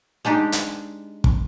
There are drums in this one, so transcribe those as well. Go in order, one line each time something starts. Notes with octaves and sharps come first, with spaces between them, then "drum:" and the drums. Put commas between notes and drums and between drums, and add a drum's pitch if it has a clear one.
G#3 D4 D#4 G4
drum: hi-hat
drum: kick